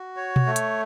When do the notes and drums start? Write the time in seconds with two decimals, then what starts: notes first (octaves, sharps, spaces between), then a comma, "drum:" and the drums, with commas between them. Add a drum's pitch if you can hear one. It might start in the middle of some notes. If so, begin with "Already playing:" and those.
Already playing: F#4
0.17 C#5
0.36 drum: tom B2
0.46 A3
0.56 drum: hi-hat